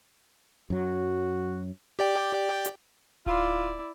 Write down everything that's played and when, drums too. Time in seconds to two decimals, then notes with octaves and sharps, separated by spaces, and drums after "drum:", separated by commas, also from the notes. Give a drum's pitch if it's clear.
0.70 F#2 F#3 F#4
1.99 G4 D5 G5
2.65 drum: hi-hat
3.26 E4 F4 D5, drum: kick D1